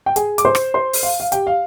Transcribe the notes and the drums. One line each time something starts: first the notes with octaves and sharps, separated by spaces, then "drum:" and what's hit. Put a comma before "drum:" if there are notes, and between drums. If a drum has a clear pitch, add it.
G5
G#4 G#5, drum: hi-hat
D6, drum: hi-hat
C5 C6
drum: rim click
C5 C6
drum: open hi-hat
F5
F5
G4 G5, drum: hi-hat
F5